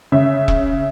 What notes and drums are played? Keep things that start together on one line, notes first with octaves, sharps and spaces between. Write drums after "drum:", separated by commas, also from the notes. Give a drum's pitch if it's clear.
C#3 E5
drum: kick E1